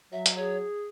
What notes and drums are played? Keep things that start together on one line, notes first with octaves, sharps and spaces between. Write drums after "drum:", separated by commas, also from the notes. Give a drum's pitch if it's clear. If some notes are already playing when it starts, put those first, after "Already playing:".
F#3 E5
drum: hi-hat
G#4 C#5